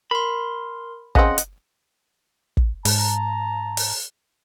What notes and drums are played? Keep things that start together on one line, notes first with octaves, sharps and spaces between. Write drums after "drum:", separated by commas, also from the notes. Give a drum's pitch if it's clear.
A#4 B5 C6
C#3 C4 D#5 F#5, drum: kick
drum: hi-hat
drum: kick
G#2 A5 A#5, drum: open hi-hat
drum: open hi-hat